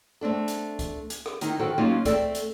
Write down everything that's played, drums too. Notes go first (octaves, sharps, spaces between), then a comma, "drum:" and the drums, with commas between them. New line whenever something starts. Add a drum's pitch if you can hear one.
A3 C4 D4 A4
drum: hi-hat
drum: kick C#2, hi-hat
drum: hi-hat
drum: rim click
D#3 D#4 E4, drum: hi-hat
D#3 F3 F#4 A4 G5
F#3 A#3 C#4 D#4 F4 F#4
A3 C4 A4 D5, drum: kick C#2, hi-hat
drum: hi-hat